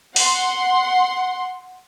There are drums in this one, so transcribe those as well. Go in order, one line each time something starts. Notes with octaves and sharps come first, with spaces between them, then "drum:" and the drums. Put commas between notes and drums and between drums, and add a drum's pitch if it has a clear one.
F#5 C6, drum: open hi-hat